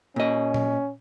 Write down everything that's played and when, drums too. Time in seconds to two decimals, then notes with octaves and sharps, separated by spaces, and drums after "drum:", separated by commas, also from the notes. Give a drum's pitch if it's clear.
0.16 A#2 C#4 D#5
0.54 drum: tom A#2